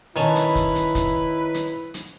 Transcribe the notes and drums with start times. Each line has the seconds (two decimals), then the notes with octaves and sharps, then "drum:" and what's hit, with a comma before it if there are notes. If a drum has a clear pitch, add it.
0.16 D#3 C#4 E4 B4 A5
0.36 drum: hi-hat
0.55 drum: kick, hi-hat
0.75 drum: hi-hat
0.95 drum: kick, hi-hat
1.54 drum: hi-hat
1.94 drum: hi-hat